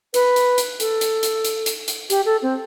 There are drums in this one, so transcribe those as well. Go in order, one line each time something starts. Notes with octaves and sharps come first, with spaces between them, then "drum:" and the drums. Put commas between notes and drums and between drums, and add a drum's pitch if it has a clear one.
B4, drum: hi-hat
drum: hi-hat
drum: hi-hat
A4, drum: hi-hat
drum: hi-hat
drum: hi-hat
drum: hi-hat
drum: hi-hat
drum: hi-hat
G4, drum: hi-hat
A4
C4